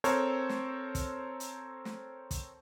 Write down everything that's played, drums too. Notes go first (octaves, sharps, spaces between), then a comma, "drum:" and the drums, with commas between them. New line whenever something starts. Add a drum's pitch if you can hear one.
C4 A4 A#4 C5 C#5, drum: hi-hat
drum: snare
drum: kick, hi-hat
drum: hi-hat
drum: snare
drum: kick, hi-hat